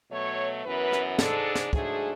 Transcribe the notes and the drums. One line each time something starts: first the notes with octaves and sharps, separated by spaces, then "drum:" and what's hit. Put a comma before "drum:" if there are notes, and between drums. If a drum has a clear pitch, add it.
B2 F#3 A3 C#5
F#2 E3 B3 B4
drum: rim click
G#2 G#3 D4 A4, drum: snare
drum: snare
G#2 F#3 A3 D4 G#4, drum: kick